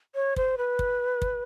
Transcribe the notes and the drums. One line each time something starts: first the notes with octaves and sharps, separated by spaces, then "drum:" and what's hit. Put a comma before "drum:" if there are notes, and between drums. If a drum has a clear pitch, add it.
C#5
C5, drum: kick
B4
drum: kick
drum: kick